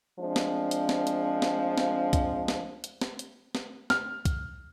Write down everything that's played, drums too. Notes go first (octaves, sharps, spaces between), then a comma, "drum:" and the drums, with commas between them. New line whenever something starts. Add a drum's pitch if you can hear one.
F3 G#3 C4 D4
drum: snare
drum: hi-hat
drum: snare
drum: hi-hat
drum: snare
drum: snare
drum: kick C2, hi-hat
drum: snare
drum: hi-hat
drum: snare
drum: hi-hat
drum: snare
F6, drum: snare
drum: kick C2, hi-hat